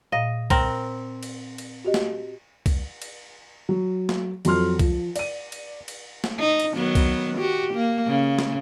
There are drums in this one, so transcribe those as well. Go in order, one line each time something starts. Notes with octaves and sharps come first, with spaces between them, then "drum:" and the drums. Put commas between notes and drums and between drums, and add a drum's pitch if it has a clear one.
A#2 D#5 F5
C4 A#4, drum: kick C2, cymbal
drum: cymbal
drum: cymbal
F#4 G4 D#5
drum: snare
drum: kick C2, cymbal
drum: cymbal
F#3
drum: snare
F2 F#3 A4 C6 F6, drum: cymbal
F3, drum: kick C2, cymbal
D5 D#7, drum: cymbal
drum: cymbal
drum: cymbal
drum: snare
D#4
drum: cymbal
D#3 F#3 B3
drum: kick C2, cymbal
F#4 G4
A#3
C#3
drum: snare